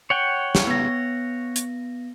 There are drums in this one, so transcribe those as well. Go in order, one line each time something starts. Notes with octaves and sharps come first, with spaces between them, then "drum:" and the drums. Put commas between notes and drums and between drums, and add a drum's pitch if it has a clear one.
C#5 F#5 G5
drum: snare
B3 A#6
drum: hi-hat